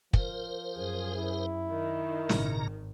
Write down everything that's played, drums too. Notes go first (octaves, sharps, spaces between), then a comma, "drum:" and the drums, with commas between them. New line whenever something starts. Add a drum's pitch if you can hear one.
F3 A#4 C5, drum: kick
F#2 G#4
E4
D#3
G#1 A#2 C#3 A#5, drum: snare